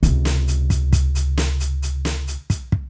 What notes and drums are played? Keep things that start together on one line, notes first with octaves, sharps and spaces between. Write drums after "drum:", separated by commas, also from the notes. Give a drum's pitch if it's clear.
C#2 C3, drum: hi-hat
drum: snare
drum: hi-hat
drum: kick, hi-hat
drum: kick, hi-hat
drum: hi-hat
drum: snare
drum: hi-hat
drum: hi-hat
drum: snare
drum: hi-hat
drum: kick, hi-hat
drum: kick